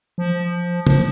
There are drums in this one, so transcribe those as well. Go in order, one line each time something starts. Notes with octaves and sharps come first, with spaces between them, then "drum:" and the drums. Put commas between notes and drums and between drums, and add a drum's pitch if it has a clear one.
F3
F3, drum: tom C#3